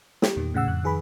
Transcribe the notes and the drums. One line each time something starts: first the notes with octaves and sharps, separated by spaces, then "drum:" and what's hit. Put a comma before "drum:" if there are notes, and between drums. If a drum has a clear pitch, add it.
G4, drum: snare
E2 A#2 D#3
A2 C#3 F#5 E6
F2 F#6
F2 D#3 G#4 B4 B5